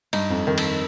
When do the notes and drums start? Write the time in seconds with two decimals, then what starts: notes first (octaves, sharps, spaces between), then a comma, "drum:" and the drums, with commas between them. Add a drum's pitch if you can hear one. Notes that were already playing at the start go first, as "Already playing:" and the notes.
0.13 G2 D#4, drum: cymbal
0.30 F2
0.46 F2 D#3
0.58 drum: cymbal